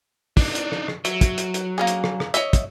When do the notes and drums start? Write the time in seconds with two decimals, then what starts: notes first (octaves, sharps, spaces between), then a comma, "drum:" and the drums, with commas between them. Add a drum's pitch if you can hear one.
0.37 D4 D#4, drum: kick, open hi-hat
0.55 drum: hi-hat
0.72 drum: rim click
0.88 drum: rim click
1.05 F#3 E5, drum: hi-hat
1.21 drum: kick, hi-hat
1.38 drum: hi-hat
1.54 drum: hi-hat
1.78 A#3 C#4 G#4
1.87 drum: hi-hat
2.04 drum: rim click
2.20 drum: rim click
2.34 C#5 D#5 E5, drum: hi-hat
2.53 drum: kick, hi-hat